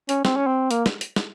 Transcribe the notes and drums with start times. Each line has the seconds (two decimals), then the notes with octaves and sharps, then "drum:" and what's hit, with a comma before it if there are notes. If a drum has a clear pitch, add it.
0.09 C#4, drum: hi-hat
0.25 C4, drum: snare
0.36 C#4
0.47 C4
0.71 A#3, drum: hi-hat
0.86 drum: snare
1.01 drum: hi-hat
1.16 drum: snare